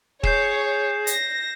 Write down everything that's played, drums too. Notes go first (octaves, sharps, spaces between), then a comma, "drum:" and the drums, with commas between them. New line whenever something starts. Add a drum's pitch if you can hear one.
G#4 C#5 G6 C7 E7, drum: kick
A#6, drum: hi-hat